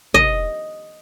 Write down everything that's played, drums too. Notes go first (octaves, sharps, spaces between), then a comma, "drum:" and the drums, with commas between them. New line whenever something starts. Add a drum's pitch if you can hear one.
D#5, drum: tom